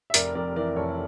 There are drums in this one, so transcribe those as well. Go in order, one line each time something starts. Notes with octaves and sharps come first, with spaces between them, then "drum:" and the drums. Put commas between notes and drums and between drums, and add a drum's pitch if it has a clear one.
E5
F1 A#4 D5, drum: hi-hat
F2 A#4 D5
E3 A#4 D5
F1 A4 C#5